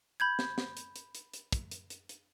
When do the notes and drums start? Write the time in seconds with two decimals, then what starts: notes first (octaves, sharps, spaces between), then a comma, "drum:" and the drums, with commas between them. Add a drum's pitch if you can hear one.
0.20 B5 G6 G#6
0.39 drum: snare
0.58 drum: snare
0.77 drum: hi-hat
0.96 drum: hi-hat
1.15 drum: hi-hat
1.34 drum: hi-hat
1.52 drum: kick, hi-hat
1.71 drum: hi-hat
1.90 drum: hi-hat
2.09 drum: hi-hat